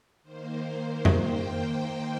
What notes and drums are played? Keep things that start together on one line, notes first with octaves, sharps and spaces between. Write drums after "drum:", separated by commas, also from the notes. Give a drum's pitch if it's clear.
D#3 A#3 C5
C5
drum: tom F2
G5